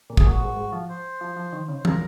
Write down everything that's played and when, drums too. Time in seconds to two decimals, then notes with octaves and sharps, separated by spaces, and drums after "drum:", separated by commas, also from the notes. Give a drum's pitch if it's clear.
0.10 A#2
0.17 G#4, drum: kick
0.26 A#2 F#4
0.41 G#2
0.57 G#2
0.72 F3
0.89 C5
1.21 F3
1.37 F3
1.53 D#3
1.69 C#3
1.78 C5
1.85 F3 A#4, drum: tom